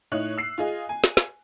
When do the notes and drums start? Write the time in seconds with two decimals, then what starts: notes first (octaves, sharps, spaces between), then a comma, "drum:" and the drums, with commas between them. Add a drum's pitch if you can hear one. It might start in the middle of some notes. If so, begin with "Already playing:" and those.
0.12 A2 D#4 C#5 F#6
0.38 E6 C7
0.58 F4 G#4 D#5
0.89 G#5
1.04 drum: snare
1.17 drum: snare